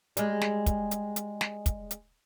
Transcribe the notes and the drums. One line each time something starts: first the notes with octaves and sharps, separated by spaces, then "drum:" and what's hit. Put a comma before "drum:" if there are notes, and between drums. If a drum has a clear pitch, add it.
G3 G#3, drum: hi-hat
drum: snare
drum: kick, hi-hat
drum: hi-hat
drum: hi-hat
drum: snare
drum: kick, hi-hat
drum: hi-hat